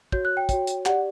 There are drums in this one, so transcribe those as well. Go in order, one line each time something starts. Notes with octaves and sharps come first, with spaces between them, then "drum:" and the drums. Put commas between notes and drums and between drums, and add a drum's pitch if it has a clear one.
F#4 C#5 G6, drum: kick
F#6
G5
F#4 C#5 G5, drum: kick, hi-hat
drum: hi-hat
G4 D5 F#5, drum: clap